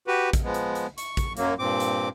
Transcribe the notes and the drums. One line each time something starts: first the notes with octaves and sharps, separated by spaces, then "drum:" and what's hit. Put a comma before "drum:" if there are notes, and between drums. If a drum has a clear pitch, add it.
F#4 G4 B4
drum: kick, hi-hat
F3 G#3 B3
drum: hi-hat
drum: hi-hat
C#6, drum: hi-hat
drum: kick, hi-hat
F#2 F#3 A#3, drum: hi-hat
G2 A#2 C4 D6
drum: hi-hat